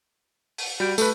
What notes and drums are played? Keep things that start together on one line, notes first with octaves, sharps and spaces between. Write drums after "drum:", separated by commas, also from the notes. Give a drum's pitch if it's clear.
drum: open hi-hat
G3 F#4 G6 D7
A3 A4 B4, drum: tambourine